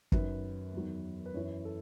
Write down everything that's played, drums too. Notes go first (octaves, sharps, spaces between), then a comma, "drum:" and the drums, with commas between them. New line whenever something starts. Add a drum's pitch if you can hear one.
F#2 D#3 F#3 B4, drum: kick
E2 D#3 F#3
B4
F#2 E3 C#5
A4